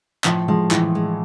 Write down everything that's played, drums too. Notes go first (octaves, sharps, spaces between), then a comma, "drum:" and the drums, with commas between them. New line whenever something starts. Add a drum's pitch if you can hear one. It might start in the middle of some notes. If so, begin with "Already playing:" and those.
A2 F3, drum: clap
F3 G#3
A2 E3, drum: clap
G#3